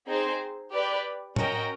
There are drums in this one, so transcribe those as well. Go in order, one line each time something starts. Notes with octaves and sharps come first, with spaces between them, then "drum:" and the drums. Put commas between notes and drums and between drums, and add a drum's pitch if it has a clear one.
C4 D#4 G#4 C5
G4 B4 D5
C#4 F#4 A#4 D#5 G5, drum: tom A2